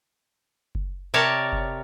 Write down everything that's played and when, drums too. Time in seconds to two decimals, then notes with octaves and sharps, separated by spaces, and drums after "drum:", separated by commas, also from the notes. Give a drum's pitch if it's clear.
0.75 drum: kick F#1
1.14 C3 A#4 C#5 D5 A5
1.52 drum: kick F#1